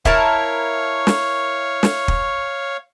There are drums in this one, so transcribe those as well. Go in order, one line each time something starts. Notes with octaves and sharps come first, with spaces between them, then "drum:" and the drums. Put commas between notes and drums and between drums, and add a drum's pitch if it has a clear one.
E4 A#4 C#5 F5 A5 C#6, drum: kick
drum: snare
drum: snare
drum: kick